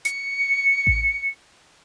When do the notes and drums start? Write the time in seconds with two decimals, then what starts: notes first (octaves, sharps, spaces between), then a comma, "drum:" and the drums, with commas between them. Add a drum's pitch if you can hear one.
0.05 C#7, drum: hi-hat
0.87 drum: kick A1